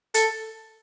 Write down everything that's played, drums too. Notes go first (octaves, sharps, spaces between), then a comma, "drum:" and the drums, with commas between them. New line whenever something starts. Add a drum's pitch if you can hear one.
A4, drum: hi-hat